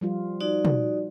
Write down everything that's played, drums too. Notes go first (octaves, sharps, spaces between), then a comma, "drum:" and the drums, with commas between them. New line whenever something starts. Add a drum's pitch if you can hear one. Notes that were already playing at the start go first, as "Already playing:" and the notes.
F3 G3 F4
D#4 F#4 D5
drum: tom